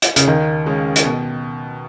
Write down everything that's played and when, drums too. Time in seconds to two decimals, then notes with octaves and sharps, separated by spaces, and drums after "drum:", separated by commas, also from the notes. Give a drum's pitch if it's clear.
0.02 drum: hi-hat
0.16 C#3, drum: hi-hat
0.27 D#2 D#3
0.66 C#3 G#3 C#4
0.96 drum: hi-hat
1.05 B2